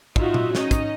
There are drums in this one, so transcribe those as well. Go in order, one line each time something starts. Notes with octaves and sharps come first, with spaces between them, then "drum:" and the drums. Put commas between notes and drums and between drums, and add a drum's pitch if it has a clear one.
D#4 F4 F#4 E5, drum: kick
drum: tom A#2
C#4 D#4 D#5, drum: snare
drum: kick, hi-hat